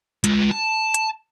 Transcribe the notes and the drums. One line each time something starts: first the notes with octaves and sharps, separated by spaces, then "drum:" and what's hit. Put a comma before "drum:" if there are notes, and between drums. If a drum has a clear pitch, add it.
G#3 F4, drum: hi-hat
A5
drum: hi-hat